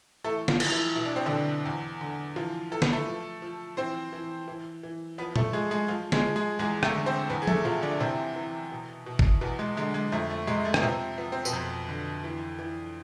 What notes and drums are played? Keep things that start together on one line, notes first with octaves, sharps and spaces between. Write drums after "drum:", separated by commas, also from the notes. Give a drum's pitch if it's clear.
E3 A3 A4
F3 F4, drum: snare
E3, drum: cymbal
E3 E4
B2 E4
D4
C4
B2 D3 D4
E2
D3
E3 F3 F4
E3 A4
B4, drum: snare
A3 A4
F3
F3
E3 C4 C5
E3
E3
E3
F3 B3 B4
A3 A4, drum: tom A#2
F3 G#3 G#4
G#3 G#4
F3 F4
G#3 G#4, drum: snare
F3
G#3 G#4
E2 G#3 G#4
A3 A4, drum: rim click
D3
C4 C5
E2 B3 B4
G#4
A3 A4, drum: tom F3
C3 F3 F4
D3 D4
C3 E3 C4
E3
B2
B2
drum: kick
E2 B2 B3
G#3
D3 G#3
G#3
F2 A3
A3
C3 G#3
A3
B3, drum: rim click
C3 F3 C4
F3 B3
C4
B2 B3, drum: tambourine
F2
D3
E3
E3